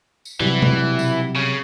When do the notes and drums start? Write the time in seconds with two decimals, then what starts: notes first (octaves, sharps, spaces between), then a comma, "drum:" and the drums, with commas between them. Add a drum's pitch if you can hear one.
0.25 drum: tambourine
0.40 C3 E3 F#3 G3
0.62 drum: tom B2
0.99 drum: tambourine
1.36 C#3